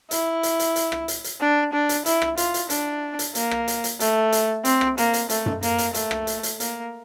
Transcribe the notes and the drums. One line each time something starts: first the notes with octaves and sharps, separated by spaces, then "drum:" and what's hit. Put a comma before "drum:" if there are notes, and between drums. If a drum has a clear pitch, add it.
E4, drum: hi-hat
drum: hi-hat
drum: hi-hat
drum: hi-hat
drum: rim click
drum: hi-hat
drum: hi-hat
D4
D4
drum: hi-hat
E4, drum: hi-hat
drum: rim click
F4, drum: hi-hat
drum: hi-hat
D4, drum: hi-hat
drum: hi-hat
A#3, drum: hi-hat
drum: rim click
drum: hi-hat
drum: hi-hat
A3, drum: hi-hat
drum: hi-hat
C4, drum: hi-hat
drum: rim click
A#3, drum: hi-hat
drum: hi-hat
A3, drum: hi-hat
drum: tom F#2
A#3, drum: hi-hat
drum: hi-hat
A3, drum: hi-hat
drum: rim click
drum: hi-hat
drum: hi-hat
A#3, drum: hi-hat